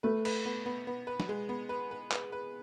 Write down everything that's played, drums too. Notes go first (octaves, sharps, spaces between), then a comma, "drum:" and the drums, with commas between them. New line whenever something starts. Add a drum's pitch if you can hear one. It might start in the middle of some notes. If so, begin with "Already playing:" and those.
A3 B4
B4, drum: cymbal
B3
B3
B3
B4
drum: snare
G#3
B3
B4
B4
B4, drum: clap
B4